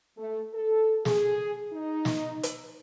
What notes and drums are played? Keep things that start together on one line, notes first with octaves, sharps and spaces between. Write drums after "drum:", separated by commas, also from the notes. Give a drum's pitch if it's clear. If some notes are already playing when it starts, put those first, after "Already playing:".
A3
A4
G#4, drum: snare
D#4
drum: snare
drum: hi-hat